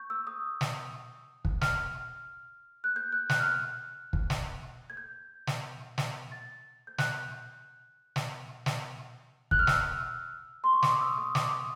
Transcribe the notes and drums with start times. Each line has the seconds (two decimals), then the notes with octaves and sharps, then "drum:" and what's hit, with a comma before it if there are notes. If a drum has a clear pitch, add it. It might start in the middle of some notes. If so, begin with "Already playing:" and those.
Already playing: C#6 G6
0.10 E6
0.27 D#6
0.61 drum: snare
1.45 drum: kick
1.61 F6, drum: snare
2.84 F#6
2.96 G6
3.12 F#6
3.29 F#6, drum: snare
3.40 F6
3.46 F#6
4.13 drum: kick
4.30 drum: snare
4.90 G#6
4.97 G6
5.47 drum: snare
5.98 drum: snare
6.32 A6
6.87 G6
6.98 F#6, drum: snare
8.16 drum: snare
8.66 drum: snare
9.51 F#6, drum: kick
9.59 F6
9.67 E6, drum: snare
10.64 C6
10.73 C#6
10.83 D6, drum: snare
10.92 D#6
11.01 E6
11.18 D#6
11.35 D6, drum: snare
11.51 D#6